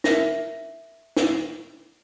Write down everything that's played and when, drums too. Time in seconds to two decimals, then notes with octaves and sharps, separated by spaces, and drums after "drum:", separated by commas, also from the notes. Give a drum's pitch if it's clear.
0.04 A#4 E5 A#6, drum: snare
1.17 drum: snare